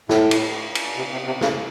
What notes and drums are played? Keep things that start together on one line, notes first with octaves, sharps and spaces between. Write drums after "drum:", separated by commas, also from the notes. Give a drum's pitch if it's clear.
A2, drum: snare
drum: cymbal
drum: cymbal
C3
C3
C3
C#3, drum: snare